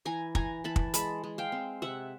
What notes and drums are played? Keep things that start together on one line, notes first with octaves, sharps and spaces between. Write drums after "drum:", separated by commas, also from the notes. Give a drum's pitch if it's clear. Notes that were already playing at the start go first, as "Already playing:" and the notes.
E3 G#5 A#5
E3 G#5 A#5, drum: kick
E3 A5 B5
drum: kick
G#3 A5 B5, drum: hi-hat
G#3
F5 G5
C4
C3 E5 F#5